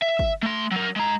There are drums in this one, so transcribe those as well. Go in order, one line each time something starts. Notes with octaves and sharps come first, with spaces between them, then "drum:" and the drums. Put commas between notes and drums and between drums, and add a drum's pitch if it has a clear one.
E5
drum: kick
A3 C6
F#3 A#4
G#3 A#5